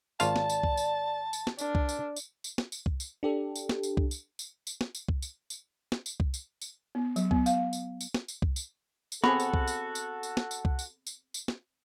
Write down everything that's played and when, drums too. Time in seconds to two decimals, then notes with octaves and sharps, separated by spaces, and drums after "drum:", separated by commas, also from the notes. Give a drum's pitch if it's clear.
0.20 G#1 F4 D5 F5 A5, drum: tambourine
0.36 drum: snare
0.50 drum: tambourine
0.63 drum: kick C2
0.77 drum: tambourine
1.33 drum: tambourine
1.47 drum: snare
1.58 D4 A#4, drum: tambourine
1.75 drum: kick C2
1.89 drum: tambourine
2.16 drum: tambourine
2.44 drum: tambourine
2.58 drum: snare
2.72 drum: tambourine
2.86 drum: kick C2
3.00 drum: tambourine
3.23 D4 G4 A4
3.56 drum: tambourine
3.69 drum: snare
3.83 drum: tambourine
3.97 drum: kick C2
4.11 drum: tambourine
4.39 drum: tambourine
4.67 drum: tambourine
4.81 drum: snare
4.95 drum: tambourine
5.08 drum: kick C2
5.22 drum: tambourine
5.50 drum: tambourine
5.92 drum: snare
6.06 drum: tambourine
6.20 drum: kick C2
6.34 drum: tambourine
6.61 drum: tambourine
6.95 B3
7.16 F#3, drum: tambourine
7.31 B3, drum: kick C2
7.46 F5, drum: tambourine
7.73 drum: tambourine
8.01 drum: tambourine
8.14 drum: snare
8.28 drum: tambourine
8.42 drum: kick C2
8.56 drum: tambourine
9.12 drum: tambourine
9.24 B3 C4 F#4 G#4 A4 B5, drum: snare
9.40 drum: tambourine
9.54 drum: kick C2
9.67 drum: tambourine
9.95 drum: tambourine
10.23 drum: tambourine
10.37 drum: snare
10.51 drum: tambourine
10.65 drum: kick C2
10.79 drum: tambourine
11.07 drum: tambourine
11.34 drum: tambourine
11.48 drum: snare